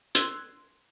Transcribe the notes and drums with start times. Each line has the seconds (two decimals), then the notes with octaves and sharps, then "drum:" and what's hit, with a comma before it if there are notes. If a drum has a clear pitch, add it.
0.15 C6 E6 F#6 G#6, drum: hi-hat